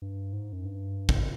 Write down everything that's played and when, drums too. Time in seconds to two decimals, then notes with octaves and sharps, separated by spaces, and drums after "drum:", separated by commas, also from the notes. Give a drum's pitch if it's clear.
0.02 G2
0.33 G#2
0.53 F#2
0.65 G2
1.09 drum: kick